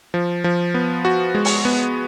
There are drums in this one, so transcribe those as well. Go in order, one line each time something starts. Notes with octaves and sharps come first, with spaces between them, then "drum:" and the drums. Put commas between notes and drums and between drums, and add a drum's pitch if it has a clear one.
F3
F3
B3
F#4
G#3
drum: open hi-hat
B3